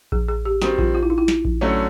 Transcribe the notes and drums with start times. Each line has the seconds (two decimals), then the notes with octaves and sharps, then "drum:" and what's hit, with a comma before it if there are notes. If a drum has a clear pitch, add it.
0.12 G#4, drum: kick A#1
0.29 G#4
0.45 G4
0.62 D#3 G3 C4 F#4, drum: snare
0.79 F4, drum: kick A#1
0.95 F4
1.03 E4
1.10 D#4
1.18 E4
1.28 drum: snare
1.45 drum: kick A#1
1.61 D3 F#3 A3 C#4